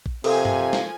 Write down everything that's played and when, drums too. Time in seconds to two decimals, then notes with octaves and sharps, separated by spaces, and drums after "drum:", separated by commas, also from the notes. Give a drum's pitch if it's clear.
0.06 drum: kick A#1
0.24 C3 F3 A4 A#4 F5 G#5 D6, drum: cymbal
0.45 drum: tom G2
0.73 drum: snare